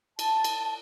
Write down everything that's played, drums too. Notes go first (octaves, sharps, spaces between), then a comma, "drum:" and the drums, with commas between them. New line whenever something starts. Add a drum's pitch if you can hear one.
A5, drum: cymbal
drum: cymbal